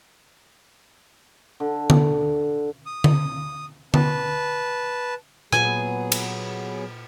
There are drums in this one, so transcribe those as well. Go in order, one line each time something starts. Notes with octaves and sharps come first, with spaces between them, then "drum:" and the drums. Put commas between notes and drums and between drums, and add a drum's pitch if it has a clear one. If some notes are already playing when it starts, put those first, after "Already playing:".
D3
drum: tom D3
D#6
drum: tom D3
B4 A5, drum: tom D3
A#2 F#3 B3 G#4 B4 G#5, drum: rim click
drum: cymbal